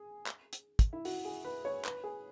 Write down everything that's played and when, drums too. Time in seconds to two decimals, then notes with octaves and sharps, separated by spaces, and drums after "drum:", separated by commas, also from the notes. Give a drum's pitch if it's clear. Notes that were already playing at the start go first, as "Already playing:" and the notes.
Already playing: G#4
0.26 drum: clap
0.53 drum: hi-hat
0.79 drum: kick, hi-hat
0.93 E4
1.05 F#4, drum: open hi-hat
1.25 G#4
1.45 B4
1.65 C#5
1.85 B4, drum: clap
2.04 G#4